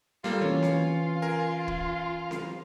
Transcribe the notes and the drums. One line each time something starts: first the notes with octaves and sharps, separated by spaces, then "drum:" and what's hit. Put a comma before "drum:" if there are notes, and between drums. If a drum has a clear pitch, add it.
G3 A#3 F4 A4
E3 C#4 C#5
drum: snare C4
A#4 G#5
drum: kick
drum: snare C4